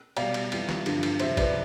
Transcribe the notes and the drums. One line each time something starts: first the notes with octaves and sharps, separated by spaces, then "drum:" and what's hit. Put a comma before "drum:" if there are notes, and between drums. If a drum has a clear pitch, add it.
B2 D5 F5, drum: cymbal
G3
drum: cymbal
F2 E3 G3, drum: cymbal
drum: snare
G2 D3 F3, drum: cymbal
drum: cymbal
F2 C3 F3 C5 E5, drum: cymbal
B4 D5, drum: kick, cymbal